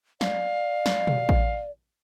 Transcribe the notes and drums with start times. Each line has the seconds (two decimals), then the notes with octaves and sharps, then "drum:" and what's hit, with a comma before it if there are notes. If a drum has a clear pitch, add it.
0.21 D5 F5, drum: snare
0.86 drum: snare
1.07 drum: tom B2
1.29 drum: kick A1